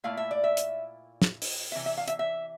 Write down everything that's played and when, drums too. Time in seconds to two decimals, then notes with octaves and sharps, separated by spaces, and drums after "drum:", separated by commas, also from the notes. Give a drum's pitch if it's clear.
0.04 A#2 A3 E4 F5
0.17 E5
0.31 D5
0.44 E5
0.57 drum: hi-hat
1.22 drum: snare
1.42 drum: open hi-hat
1.72 E5
1.75 C3 E3
1.86 E5
1.97 F5
2.08 E5, drum: hi-hat
2.19 E5